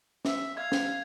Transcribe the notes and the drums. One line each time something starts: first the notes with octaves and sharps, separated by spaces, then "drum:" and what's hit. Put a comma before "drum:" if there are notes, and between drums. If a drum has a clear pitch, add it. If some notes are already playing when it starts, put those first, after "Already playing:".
E5, drum: snare
F5 G#6
drum: snare